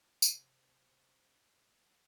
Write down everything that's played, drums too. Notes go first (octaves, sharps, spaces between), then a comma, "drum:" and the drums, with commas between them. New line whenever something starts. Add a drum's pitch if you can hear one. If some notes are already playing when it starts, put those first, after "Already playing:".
C3 G3 C#4 G#4 C5 C#5, drum: tambourine